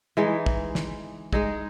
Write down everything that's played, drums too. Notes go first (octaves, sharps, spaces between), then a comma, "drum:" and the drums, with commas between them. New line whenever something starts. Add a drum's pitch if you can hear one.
E3 G#3 D#4
drum: kick
drum: snare
G#3 D#4 G#4, drum: kick